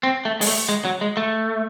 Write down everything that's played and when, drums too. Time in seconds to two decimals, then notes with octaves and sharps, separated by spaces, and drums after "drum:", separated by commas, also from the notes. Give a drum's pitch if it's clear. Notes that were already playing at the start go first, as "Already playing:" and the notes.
0.03 C4
0.25 A3
0.41 G#3, drum: open hi-hat
0.47 A3
0.69 G#3
0.85 F#3
1.01 G#3
1.17 A3